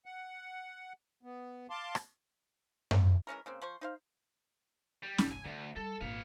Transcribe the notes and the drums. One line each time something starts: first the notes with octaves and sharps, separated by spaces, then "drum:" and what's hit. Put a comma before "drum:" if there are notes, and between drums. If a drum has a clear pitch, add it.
F#5
B3
F5 A5 C6 D6
drum: rim click
drum: tom F#2
E3 G#3 C#4 A#4
C#3 A#3 C4
F3 C5 C#6
D#4 C5 F5
G3
F#1 B1, drum: snare C#4
G#5
D2 D3 C#4
G3 A4
G#1 A#2 B3 F5